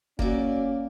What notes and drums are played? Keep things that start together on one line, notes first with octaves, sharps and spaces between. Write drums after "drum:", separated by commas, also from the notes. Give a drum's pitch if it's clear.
F#3 A#3 C#4 D5, drum: kick F1